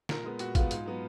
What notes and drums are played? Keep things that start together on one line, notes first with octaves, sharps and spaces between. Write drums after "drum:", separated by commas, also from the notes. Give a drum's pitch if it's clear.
A#2 A#4, drum: snare
G#3 B3
A#2 F#4, drum: hi-hat
G#3 B3 F4, drum: kick A1, hi-hat
G#2, drum: hi-hat
F#3 B3